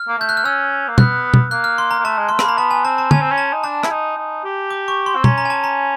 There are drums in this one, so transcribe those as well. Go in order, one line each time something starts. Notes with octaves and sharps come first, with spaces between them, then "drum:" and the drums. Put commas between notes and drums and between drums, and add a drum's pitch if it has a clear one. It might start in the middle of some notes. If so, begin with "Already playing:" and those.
Already playing: F6
A#3
A3 G6
F#6
F6
C#4 E6
A#3
B3 F#6, drum: tom
drum: tom
A#3 F#6
F6
C6
A#5
A#3
A3 A5
G#3
A3 C6
B5, drum: rim click
A#3 A#5
B3 A5
G#5
C4 A5
A5
C#4 G#5, drum: tom
C4
C#4
A5
D#4
D4 A5
E4, drum: rim click
D#4
D#4
G4
D6
C#6
C6
C4
C#4 A#5, drum: tom
A#5
G#5
A5
A#5